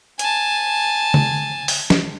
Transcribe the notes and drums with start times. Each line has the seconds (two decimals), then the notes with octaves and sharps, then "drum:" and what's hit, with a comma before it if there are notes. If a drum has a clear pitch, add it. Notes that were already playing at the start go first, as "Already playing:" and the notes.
0.19 G#5 A5, drum: hi-hat
1.14 drum: tom C#3
1.68 drum: open hi-hat
1.90 drum: snare